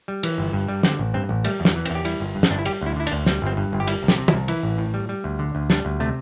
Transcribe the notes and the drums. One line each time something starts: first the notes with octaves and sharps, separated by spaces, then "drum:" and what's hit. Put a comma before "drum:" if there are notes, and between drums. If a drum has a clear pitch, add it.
G3
E3, drum: cymbal
G1
G2
G3
D3 C4, drum: snare
A1
G2 C4
A1
G3 A3, drum: cymbal
E2
G3, drum: snare
E3
C4, drum: cymbal
E2
G4
G3 E4, drum: cymbal
G1
G2
C4, drum: snare
G1 D4
E4
G3 G4, drum: cymbal
D2 E4
D3 E4
D4, drum: cymbal
D2
G3 C4, drum: snare
G1 C4
G2
G1
G4
G3 E4, drum: cymbal
C2
G4, drum: snare
C3
E4, drum: tom
C2
E3 E4, drum: cymbal
A1
A2
G3
G3
D2
D3
D2
G3 D4, drum: snare
D2
C3 A3